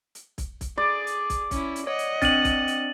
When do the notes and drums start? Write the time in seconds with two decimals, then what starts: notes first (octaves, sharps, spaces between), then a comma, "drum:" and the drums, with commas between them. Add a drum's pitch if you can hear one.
0.15 drum: hi-hat
0.38 drum: kick, hi-hat
0.61 drum: kick, hi-hat
0.78 G#4 D5
1.07 drum: hi-hat
1.30 drum: kick, hi-hat
1.51 C#4 E4, drum: kick, hi-hat
1.76 drum: hi-hat
1.87 C#5 D#5 F#5
1.99 drum: hi-hat
2.22 C4 D4 F6 A6 D#7 F#7, drum: kick, hi-hat
2.45 drum: kick, hi-hat
2.68 drum: hi-hat